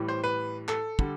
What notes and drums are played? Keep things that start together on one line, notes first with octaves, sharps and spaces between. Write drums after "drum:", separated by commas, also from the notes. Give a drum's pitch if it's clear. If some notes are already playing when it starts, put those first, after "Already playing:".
Already playing: A2 E3 G3
C5
B4
A4, drum: clap
D3 G3, drum: kick